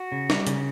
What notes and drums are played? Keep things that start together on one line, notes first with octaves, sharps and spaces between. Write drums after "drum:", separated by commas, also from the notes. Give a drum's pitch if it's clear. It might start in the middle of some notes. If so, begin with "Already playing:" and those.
Already playing: F#4
C#3
G3, drum: snare
C#3, drum: hi-hat